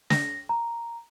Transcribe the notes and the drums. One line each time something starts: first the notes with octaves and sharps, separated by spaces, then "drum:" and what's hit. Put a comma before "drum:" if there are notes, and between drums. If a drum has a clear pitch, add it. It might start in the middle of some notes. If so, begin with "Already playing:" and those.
A#6, drum: snare
A#5